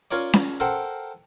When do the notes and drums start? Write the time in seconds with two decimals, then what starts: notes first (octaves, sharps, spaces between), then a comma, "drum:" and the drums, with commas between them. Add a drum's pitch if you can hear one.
0.11 C#4 F4 A#4 C#5 D5
0.33 drum: snare C#4
0.60 A4 A#4 C5 F#5 G5